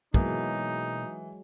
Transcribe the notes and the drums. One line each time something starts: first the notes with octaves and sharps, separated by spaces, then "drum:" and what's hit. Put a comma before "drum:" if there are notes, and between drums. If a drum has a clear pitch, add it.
B2 E3 F#3 G#3 A#3 D#4, drum: kick